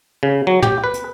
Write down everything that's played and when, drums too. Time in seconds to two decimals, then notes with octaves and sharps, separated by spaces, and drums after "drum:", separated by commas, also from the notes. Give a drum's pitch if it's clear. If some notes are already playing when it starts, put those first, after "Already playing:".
0.23 C#3
0.47 F#3
0.63 G4, drum: tom
0.84 B4
0.94 drum: hi-hat